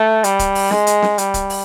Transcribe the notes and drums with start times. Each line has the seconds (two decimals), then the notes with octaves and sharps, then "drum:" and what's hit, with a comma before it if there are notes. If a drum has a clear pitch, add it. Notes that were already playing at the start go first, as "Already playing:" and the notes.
Already playing: A3
0.24 G3, drum: hi-hat
0.39 drum: kick C#1, hi-hat
0.55 drum: open hi-hat
0.71 G#3, drum: snare
0.87 drum: hi-hat
1.02 drum: snare
1.18 G3, drum: hi-hat
1.34 drum: kick C#1, hi-hat
1.50 drum: open hi-hat